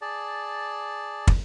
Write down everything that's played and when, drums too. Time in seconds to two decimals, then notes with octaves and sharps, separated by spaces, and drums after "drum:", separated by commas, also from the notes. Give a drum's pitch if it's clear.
0.02 G#4 D5 A5
1.27 drum: kick